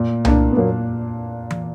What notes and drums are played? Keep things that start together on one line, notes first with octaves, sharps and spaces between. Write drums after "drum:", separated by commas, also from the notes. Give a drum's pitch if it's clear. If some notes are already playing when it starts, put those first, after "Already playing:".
Already playing: A#2
A#3 D4, drum: tom C2
B3
A#2 F#3 A#3
drum: tom E3